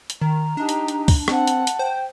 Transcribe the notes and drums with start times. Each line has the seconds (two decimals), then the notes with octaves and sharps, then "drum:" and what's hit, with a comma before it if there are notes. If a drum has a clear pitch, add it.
0.10 drum: hi-hat
0.21 D#3 A#5
0.57 D4 D#4 G4
0.69 drum: hi-hat
0.88 drum: hi-hat
1.08 drum: kick, open hi-hat
1.28 C4 F#5 A5, drum: rim click
1.47 drum: hi-hat
1.67 drum: hi-hat
1.79 C5 G5